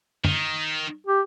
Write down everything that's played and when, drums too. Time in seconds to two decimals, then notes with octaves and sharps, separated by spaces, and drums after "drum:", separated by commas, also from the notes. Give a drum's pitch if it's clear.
0.25 D#3, drum: tom
1.07 G4